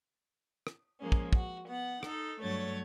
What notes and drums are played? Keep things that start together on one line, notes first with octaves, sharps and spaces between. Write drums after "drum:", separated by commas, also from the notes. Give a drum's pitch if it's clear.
drum: rim click
F3 G#3 A#3 C#4
drum: kick
F#4, drum: kick
B3 F#5
D#4 A4, drum: rim click
G2 F#3 A3 C#5 A6